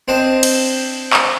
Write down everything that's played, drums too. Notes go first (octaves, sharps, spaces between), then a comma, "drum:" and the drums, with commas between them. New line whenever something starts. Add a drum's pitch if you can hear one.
C4 D4 C5 D#5
drum: cymbal
drum: clap